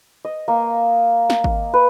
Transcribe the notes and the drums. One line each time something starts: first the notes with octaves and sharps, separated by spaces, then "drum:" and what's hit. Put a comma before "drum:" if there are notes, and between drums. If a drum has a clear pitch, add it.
D#5
A#3
drum: snare
drum: kick G#1
B4